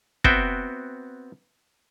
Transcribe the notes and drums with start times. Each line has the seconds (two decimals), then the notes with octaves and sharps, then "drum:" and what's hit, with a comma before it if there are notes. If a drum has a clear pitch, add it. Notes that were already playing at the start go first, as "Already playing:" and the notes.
0.24 B3 C4 F#4 E5 G5, drum: kick